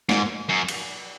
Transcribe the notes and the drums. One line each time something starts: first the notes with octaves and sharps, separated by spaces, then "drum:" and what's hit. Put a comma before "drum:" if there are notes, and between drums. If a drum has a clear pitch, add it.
G#2, drum: snare
F#2
drum: cymbal